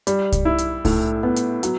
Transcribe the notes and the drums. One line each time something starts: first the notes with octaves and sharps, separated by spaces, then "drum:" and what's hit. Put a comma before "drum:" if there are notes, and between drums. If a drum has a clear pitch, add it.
G3, drum: hi-hat
drum: kick C2, hi-hat
E4
drum: hi-hat
A2, drum: kick C2, open hi-hat
B3
drum: hi-hat
F#3, drum: hi-hat